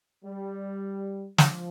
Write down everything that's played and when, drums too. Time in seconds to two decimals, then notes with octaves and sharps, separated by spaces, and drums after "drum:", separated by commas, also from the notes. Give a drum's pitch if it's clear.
0.25 G3
1.38 F3, drum: snare